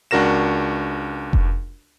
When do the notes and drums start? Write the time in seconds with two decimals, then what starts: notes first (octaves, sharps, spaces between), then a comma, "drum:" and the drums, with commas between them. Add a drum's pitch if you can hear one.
0.11 C#2 D4 F#4 A#4 A#6 E7
1.33 drum: kick F1